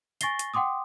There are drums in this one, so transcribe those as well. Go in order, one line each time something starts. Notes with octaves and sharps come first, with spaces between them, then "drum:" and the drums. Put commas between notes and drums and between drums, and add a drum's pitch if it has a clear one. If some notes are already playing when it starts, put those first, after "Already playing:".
G#5 C#6 A6 A#6 C7 G7, drum: hi-hat
drum: hi-hat
F#5 G5 C6 D6 D#6